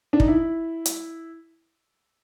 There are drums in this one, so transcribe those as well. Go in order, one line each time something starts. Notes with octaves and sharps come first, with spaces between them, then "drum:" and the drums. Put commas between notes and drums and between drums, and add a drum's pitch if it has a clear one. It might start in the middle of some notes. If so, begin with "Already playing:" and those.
D4
D#4, drum: kick
E4
drum: hi-hat